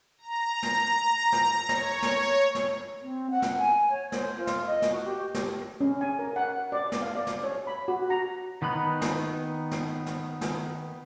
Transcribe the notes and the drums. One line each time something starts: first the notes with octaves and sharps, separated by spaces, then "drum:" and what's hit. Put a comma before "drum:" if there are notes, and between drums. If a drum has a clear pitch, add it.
A#5
drum: snare
drum: snare
C#5, drum: snare
drum: snare
drum: snare
C4
F#5
drum: snare
G#5
C#5
C5, drum: snare
F4
drum: snare
D#5
drum: snare
F#4
G4
drum: snare
C#4
G#5
A#4
F#5
D5
drum: snare
F5
D5
drum: snare
C#5
B5
F#4
A#5
D#3 B3 D#4 B5 F#6
drum: snare
drum: snare
drum: snare
drum: snare